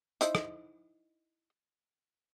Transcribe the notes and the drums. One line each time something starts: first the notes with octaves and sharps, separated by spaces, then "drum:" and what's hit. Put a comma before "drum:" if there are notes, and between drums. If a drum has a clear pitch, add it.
D#4 E4 C5, drum: hi-hat
drum: rim click